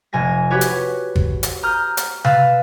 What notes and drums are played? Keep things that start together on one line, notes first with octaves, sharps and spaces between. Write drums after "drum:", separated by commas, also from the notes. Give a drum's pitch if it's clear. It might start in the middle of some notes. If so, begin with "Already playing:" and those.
F1 G#5 A#6
F#4 G4 B4 C#5
drum: hi-hat
drum: kick
drum: hi-hat
A#5 D#6 F6 G6
drum: hi-hat
B4 F5 E6 A6, drum: tom C3